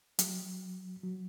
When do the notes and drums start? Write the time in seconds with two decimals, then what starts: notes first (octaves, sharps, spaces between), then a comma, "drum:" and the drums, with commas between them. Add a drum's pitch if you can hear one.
0.19 F#3, drum: hi-hat
1.04 F#3